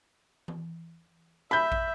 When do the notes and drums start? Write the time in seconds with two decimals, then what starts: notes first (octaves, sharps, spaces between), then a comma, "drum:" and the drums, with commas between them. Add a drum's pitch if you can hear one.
0.48 drum: tom E3
1.51 E5 B5 G6
1.72 drum: kick A1